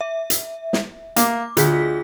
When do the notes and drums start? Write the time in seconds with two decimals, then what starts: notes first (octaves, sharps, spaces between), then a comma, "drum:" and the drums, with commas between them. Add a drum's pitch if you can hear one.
0.01 E5
0.30 drum: hi-hat
0.73 drum: snare
1.16 A#3 D6, drum: hi-hat
1.57 D2 F4 G#4 B6, drum: hi-hat